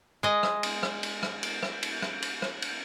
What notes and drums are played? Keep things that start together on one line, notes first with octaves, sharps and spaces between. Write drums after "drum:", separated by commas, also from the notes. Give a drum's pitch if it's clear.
G#3 D#5
drum: rim click
drum: cymbal
drum: rim click
drum: cymbal
drum: rim click
drum: cymbal
drum: rim click
drum: cymbal
drum: rim click
drum: cymbal
drum: rim click
drum: cymbal